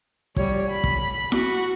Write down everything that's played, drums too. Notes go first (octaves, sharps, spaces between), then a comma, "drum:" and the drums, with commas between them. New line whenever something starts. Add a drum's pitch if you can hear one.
G3 C#5, drum: kick
B5
drum: kick
F#4, drum: snare E4